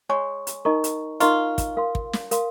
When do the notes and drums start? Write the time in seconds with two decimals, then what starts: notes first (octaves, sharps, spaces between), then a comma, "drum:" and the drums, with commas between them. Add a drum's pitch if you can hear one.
0.09 G#3 C#5 G#5 C#6
0.47 drum: hi-hat
0.65 D#4 A#4 D#5 A#5 C#6
0.84 drum: hi-hat
1.20 D#4 F4 A#4 D#5 A#5 C#6, drum: hi-hat
1.58 drum: kick, hi-hat
1.77 A#4 F5 C6
1.95 drum: kick
2.13 drum: snare
2.31 A#4 F5 C6, drum: hi-hat